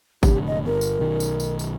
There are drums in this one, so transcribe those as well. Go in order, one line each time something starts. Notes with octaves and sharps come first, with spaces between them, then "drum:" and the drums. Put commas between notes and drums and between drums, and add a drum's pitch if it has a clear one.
F1 A2 D3 G4, drum: kick G#1, tambourine
D#5
G1 A#4
drum: tambourine
B1 D#3
drum: tambourine
drum: tambourine
drum: tambourine